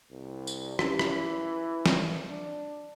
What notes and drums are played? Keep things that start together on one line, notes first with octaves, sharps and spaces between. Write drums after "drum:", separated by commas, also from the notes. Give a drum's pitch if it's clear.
C2
drum: tambourine
E3 C#4 G4, drum: rim click
drum: rim click
drum: snare
D4